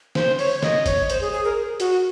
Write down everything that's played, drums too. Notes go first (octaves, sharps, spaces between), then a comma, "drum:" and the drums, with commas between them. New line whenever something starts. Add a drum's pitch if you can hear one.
C5, drum: snare
C#5, drum: open hi-hat
D#5, drum: snare
C#5, drum: kick, hi-hat
C5, drum: hi-hat
G#4
G#4
A#4
F#4, drum: hi-hat